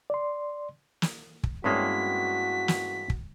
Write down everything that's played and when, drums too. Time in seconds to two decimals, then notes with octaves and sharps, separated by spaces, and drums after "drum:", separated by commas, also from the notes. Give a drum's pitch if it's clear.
0.10 D5 C6
1.02 drum: snare
1.43 drum: kick
1.64 G2 G#3 A#3 C4 C#4 E4 F#4 B6
2.68 drum: snare
3.10 drum: kick